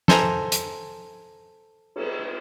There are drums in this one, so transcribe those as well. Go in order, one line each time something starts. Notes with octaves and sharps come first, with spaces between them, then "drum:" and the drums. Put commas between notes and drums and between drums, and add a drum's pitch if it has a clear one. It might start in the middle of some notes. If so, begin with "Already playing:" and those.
A4 C5 G#5 A#5, drum: snare
drum: hi-hat
drum: cymbal